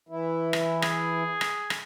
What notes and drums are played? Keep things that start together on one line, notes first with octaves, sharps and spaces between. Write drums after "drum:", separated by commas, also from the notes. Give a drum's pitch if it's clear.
E3 E4
drum: rim click
G#4, drum: rim click
drum: rim click
drum: rim click